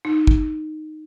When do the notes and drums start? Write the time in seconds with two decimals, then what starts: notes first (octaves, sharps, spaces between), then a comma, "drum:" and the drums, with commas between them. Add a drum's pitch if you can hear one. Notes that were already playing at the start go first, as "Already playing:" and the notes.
0.05 D#4
0.27 drum: kick